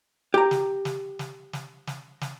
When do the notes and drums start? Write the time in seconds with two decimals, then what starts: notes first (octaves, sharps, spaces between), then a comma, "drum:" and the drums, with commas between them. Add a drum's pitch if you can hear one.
0.34 G4 A#5
0.51 drum: snare
0.85 drum: snare
1.19 drum: snare
1.53 drum: snare
1.87 drum: snare
2.21 drum: snare